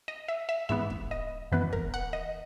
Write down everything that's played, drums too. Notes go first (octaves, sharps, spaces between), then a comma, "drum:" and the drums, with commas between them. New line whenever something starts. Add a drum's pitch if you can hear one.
D#5
E5
E5
G#2 E3 B3 E5
drum: kick
D#5
F#2 E3 B3 B4
A#4, drum: kick
F#5
D#5